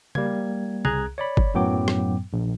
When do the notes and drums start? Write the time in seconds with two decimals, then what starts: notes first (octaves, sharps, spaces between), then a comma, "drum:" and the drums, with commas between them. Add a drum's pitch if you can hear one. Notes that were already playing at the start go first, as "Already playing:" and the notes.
0.15 G3 A#3 G#6, drum: tom C#3
0.85 C2 G#4 A#5 F#6 G#6, drum: tom C#3
1.18 C#5 D5 B5
1.37 drum: kick
1.54 F#2 A2 F#3 B3 G5 D6
1.88 drum: rim click
2.33 A#1